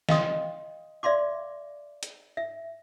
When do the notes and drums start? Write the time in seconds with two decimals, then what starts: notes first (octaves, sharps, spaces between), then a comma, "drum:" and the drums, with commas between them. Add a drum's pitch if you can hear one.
0.09 D#5 F5 G5 C6 D#6, drum: snare
1.03 D5 E5 F5 C6 D6
2.03 drum: hi-hat
2.37 E5